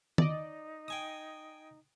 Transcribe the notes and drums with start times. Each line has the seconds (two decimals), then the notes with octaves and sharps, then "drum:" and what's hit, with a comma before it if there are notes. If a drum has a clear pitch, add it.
0.18 D#4 D5 D#5, drum: tom
0.88 G5 G#5 D#6